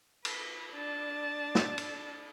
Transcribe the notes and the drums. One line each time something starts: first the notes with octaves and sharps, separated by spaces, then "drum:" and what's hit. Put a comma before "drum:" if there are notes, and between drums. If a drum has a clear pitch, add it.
B4, drum: cymbal
D4 A5
drum: snare
drum: cymbal